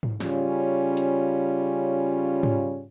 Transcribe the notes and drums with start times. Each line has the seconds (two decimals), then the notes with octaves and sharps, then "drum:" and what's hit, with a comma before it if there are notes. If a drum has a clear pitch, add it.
0.03 drum: tom G#2
0.20 C#3 G3 C#4 F4, drum: snare
0.97 drum: hi-hat
2.43 drum: tom G#2